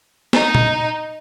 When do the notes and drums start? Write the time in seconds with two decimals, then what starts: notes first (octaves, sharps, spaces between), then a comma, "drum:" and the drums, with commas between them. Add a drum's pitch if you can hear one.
0.33 D#4, drum: snare
0.55 drum: tom A#2